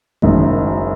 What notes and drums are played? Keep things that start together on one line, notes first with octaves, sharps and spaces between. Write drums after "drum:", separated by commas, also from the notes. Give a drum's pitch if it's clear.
F#1 F#2 D#3 G#3, drum: kick A1